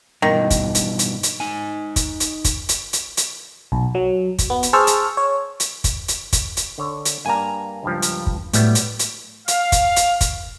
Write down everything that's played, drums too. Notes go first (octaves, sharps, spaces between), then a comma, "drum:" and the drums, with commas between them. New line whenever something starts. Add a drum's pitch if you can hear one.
G2 B2 D#3 E3
drum: kick, hi-hat
drum: hi-hat
drum: hi-hat
drum: hi-hat
D#4 G#5
drum: kick, hi-hat
drum: hi-hat
drum: kick, hi-hat
drum: hi-hat
drum: hi-hat
drum: hi-hat
B1
F#3
drum: kick, hi-hat
B3
drum: hi-hat
G#4 C5 A5 C#6 E6 F6
drum: hi-hat
C#5
drum: hi-hat
drum: kick, hi-hat
drum: hi-hat
drum: kick, hi-hat
drum: hi-hat
D3 C#5
drum: hi-hat
G2 A#3 D4 G#5 A#5
C#2 G2 F3
drum: hi-hat
drum: kick
A2 F#3 G3 B3, drum: hi-hat
drum: hi-hat
drum: hi-hat
F5, drum: hi-hat
drum: kick, hi-hat
drum: hi-hat
drum: kick, hi-hat